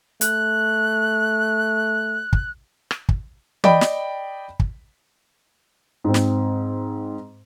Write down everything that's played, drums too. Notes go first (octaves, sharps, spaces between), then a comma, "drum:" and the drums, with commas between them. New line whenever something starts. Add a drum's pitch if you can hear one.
A3 F#6, drum: hi-hat
drum: kick
drum: rim click
drum: kick
D5 D#5 G5 B5, drum: tom E3
drum: snare
drum: kick
G#2 C4
drum: snare